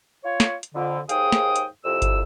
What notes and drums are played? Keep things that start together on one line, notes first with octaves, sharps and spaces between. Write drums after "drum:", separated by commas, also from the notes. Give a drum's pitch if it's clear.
F4 C#5
drum: snare
drum: hi-hat
F2 D3
D#2 G#2 G#4 F5 G5 D#6, drum: hi-hat
drum: snare
drum: hi-hat
C2 F2 E6
drum: kick G1, hi-hat